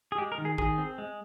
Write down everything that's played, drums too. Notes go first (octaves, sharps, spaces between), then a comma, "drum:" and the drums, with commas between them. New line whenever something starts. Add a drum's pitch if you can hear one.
G#4
G#3 G4
A#4
D#3
G#4
D#3 G#4, drum: kick
C4
G#3